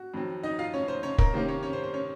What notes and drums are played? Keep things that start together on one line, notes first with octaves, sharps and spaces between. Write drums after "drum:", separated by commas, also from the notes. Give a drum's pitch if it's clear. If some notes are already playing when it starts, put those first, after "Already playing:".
Already playing: F#4
F2 D#3 F#3 C4
D#4 D#5
F4 F5
C#4 C#5
C5
C#4 C#5
A#4, drum: kick
C3 D#3 A#3 C#4 C5
C#4 C#5
C#4 C#5
C5
C5
C#4 C#5